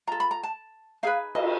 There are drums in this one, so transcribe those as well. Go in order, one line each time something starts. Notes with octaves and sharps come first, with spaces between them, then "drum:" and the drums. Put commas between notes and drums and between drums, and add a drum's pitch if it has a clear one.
F4 A4 A#5
B5
A#5
A5
D#4 G#4 B4 F5
D#5, drum: cymbal